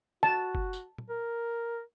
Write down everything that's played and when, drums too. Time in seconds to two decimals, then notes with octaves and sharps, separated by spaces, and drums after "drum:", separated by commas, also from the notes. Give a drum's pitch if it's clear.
0.23 F#4 A5, drum: snare
0.55 drum: kick
0.73 drum: tambourine
0.98 drum: tom A#2
1.09 A#4